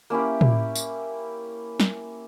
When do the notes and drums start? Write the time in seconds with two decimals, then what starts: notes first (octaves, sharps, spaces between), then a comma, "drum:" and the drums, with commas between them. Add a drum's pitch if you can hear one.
0.10 A#3 C#4 E4 G4
0.41 drum: tom
0.75 drum: tambourine
1.80 drum: snare